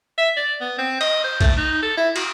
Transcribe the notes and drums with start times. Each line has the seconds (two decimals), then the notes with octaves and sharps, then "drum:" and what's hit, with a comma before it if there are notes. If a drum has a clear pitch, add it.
0.18 E5
0.37 D5
0.61 B3
0.78 C4
1.01 D#5, drum: cymbal
1.24 C5
1.41 A3, drum: kick, cymbal
1.57 D#4
1.82 A4
1.97 E4
2.16 F#4, drum: cymbal